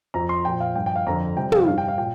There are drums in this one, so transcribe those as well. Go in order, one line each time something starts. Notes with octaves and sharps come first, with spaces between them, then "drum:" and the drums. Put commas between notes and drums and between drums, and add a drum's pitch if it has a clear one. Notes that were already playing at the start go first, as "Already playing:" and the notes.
F2 F3 A#5
C6
A#2 F3 G5
F5
G2 F3 G5
G5
F5
F2 D3 F3 A#5
F2 C3 G3 G5
F5, drum: tom
G2 G3 F5
G5
F5
A#2 G5